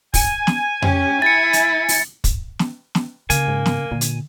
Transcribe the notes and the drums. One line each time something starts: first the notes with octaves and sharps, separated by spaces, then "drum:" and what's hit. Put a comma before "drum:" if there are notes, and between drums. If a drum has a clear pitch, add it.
G#5, drum: kick, open hi-hat
drum: snare
C#4 G4, drum: tom F2
E4 A6 C#7
drum: hi-hat
drum: open hi-hat
drum: kick, hi-hat
drum: snare
drum: snare
C#3 A#3 G#5, drum: hi-hat
G#2
drum: snare
A#2 D3
drum: hi-hat